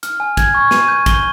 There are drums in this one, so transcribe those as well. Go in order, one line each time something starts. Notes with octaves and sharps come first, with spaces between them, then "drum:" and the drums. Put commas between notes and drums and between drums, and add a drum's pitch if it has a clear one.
F6, drum: hi-hat
G#5
G#6, drum: kick, hi-hat
C#6
D#7, drum: snare
G6
G7, drum: kick, hi-hat